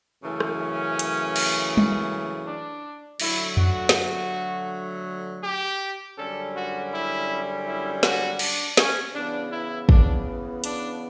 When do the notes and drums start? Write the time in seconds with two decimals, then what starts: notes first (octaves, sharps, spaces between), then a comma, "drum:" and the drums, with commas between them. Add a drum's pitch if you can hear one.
0.22 F#2 C#3 E3 A3 A4
0.40 drum: rim click
0.59 C#4
0.99 drum: hi-hat
1.36 drum: cymbal
1.77 drum: tom G3
2.45 D4
3.20 D3 F#3 A3 E4, drum: cymbal
3.57 F#4, drum: tom F2
3.89 drum: snare
5.42 G4
6.17 F#2 D3 G3 C#4 A4
6.54 F#4
6.91 E4
7.66 E4
8.03 F#4, drum: snare
8.39 D4, drum: cymbal
8.77 C#4, drum: snare
9.14 C#3 E3 B3 D4
9.52 E4
9.89 D4, drum: kick
10.64 D4, drum: hi-hat